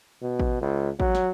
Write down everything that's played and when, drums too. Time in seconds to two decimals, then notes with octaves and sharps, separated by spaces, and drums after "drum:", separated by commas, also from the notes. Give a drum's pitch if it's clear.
0.22 B2
0.39 drum: kick A1
0.61 C#2
1.00 F#3, drum: kick A1
1.15 drum: snare